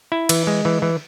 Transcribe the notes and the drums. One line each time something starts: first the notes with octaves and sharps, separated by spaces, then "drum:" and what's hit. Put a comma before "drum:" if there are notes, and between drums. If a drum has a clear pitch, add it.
E4
E3, drum: cymbal
G#3
E3
E3